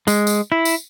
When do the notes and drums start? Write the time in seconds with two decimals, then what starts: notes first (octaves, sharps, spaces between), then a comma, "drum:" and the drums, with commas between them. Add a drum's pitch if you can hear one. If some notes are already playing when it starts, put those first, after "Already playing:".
0.08 G#3, drum: tambourine
0.27 drum: tambourine
0.52 E4
0.65 drum: tambourine